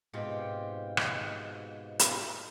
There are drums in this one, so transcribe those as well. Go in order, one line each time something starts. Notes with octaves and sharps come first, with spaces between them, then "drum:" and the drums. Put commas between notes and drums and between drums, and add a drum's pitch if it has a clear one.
G#2 B2 C4 F4 G4
drum: rim click
drum: hi-hat